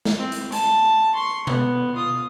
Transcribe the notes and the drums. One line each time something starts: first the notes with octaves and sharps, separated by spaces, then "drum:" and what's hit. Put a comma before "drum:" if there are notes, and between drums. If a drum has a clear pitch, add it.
drum: snare
C4
drum: hi-hat
A5, drum: hi-hat
C6 C#6
B3, drum: tom B2
F4 D#6